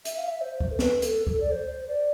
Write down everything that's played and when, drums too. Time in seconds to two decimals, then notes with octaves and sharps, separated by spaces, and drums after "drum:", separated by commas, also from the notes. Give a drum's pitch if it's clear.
0.05 E5, drum: hi-hat
0.17 F5
0.27 E5
0.41 C5
0.60 drum: kick C#2
0.72 A4
0.79 B4, drum: snare
1.02 A4, drum: hi-hat
1.27 A4, drum: kick C#2
1.40 D5
1.52 C5
1.88 D5